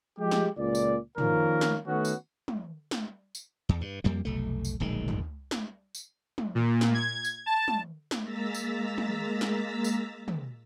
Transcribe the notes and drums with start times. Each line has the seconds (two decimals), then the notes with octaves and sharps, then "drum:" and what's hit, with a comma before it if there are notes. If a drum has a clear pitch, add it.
0.19 F3 G#3 G4
0.31 drum: snare
0.58 C#2 A#2 D5
0.75 drum: tambourine
1.18 D#3 F3 A#3 C#4 A#4, drum: tom
1.61 drum: snare
1.87 D#3 A3 B3 C#4 F#4
2.05 drum: tambourine
2.48 drum: tom
2.91 drum: snare
3.35 drum: tambourine
3.69 E2
3.81 G2
4.04 F2 G3 A#3
4.25 F1 B1 A3
4.65 drum: tambourine
4.80 D1 A#1 D#3 G#3
5.08 drum: tom
5.51 drum: snare
5.95 drum: tambourine
6.38 drum: tom
6.55 A#2
6.81 drum: snare
6.94 G#6
7.25 drum: tambourine
7.46 A5
7.68 drum: tom
8.11 drum: snare
8.21 G#3 A#3 A#5 E6 A6 B6
8.54 drum: tambourine
8.98 drum: tom
9.41 drum: snare
9.84 drum: tambourine
10.28 drum: tom